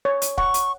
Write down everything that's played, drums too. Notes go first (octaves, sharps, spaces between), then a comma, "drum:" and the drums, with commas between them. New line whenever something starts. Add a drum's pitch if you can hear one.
C#5
drum: hi-hat
F#5 C#6, drum: kick
drum: hi-hat